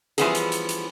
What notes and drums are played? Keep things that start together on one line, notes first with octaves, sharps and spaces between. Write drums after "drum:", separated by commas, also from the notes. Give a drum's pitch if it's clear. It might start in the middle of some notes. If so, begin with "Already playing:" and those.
E3 F3 G3 B3 C#4 G#4, drum: hi-hat
drum: hi-hat
drum: hi-hat
drum: hi-hat